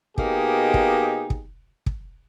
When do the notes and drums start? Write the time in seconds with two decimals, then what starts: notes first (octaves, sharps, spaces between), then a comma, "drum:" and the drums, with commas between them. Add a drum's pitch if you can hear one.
0.18 B2 A#3 D#4 G4 G#4, drum: kick
0.74 drum: kick
1.30 drum: kick
1.86 drum: kick